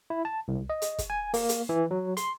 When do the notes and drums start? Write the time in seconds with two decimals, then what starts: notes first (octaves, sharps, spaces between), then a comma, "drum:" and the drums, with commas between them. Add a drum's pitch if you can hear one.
0.10 E4
0.25 A5
0.48 C2
0.70 D#5
0.82 drum: hi-hat
0.98 drum: kick, hi-hat
1.10 G#5
1.34 A#3, drum: open hi-hat
1.49 drum: hi-hat
1.69 E3
1.91 F#3
2.17 C6, drum: hi-hat